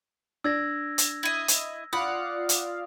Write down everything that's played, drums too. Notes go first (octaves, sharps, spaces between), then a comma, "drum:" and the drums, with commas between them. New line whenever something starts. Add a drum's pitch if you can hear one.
D4 E6 G#6 A#6
drum: hi-hat
E4 D#5
drum: hi-hat
F4 D5 F5 F#5 B5 D#6
drum: hi-hat